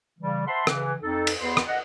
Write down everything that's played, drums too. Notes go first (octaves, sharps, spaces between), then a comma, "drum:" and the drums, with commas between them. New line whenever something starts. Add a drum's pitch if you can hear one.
C#3 E3 G3
C5 E5 F#5 A5 B5 C6
C#3 E3, drum: rim click
F2 D#4 A4
drum: cymbal
E2 B3 B4 C6
drum: rim click
D#5 F#5